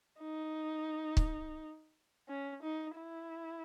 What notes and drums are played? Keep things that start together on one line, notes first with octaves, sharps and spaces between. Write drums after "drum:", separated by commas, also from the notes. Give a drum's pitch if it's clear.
D#4
drum: kick
C#4
D#4
E4